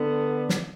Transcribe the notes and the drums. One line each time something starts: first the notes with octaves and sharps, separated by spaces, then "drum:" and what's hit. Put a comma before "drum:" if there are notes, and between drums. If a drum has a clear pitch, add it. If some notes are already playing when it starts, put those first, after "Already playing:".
Already playing: D3 B3
drum: snare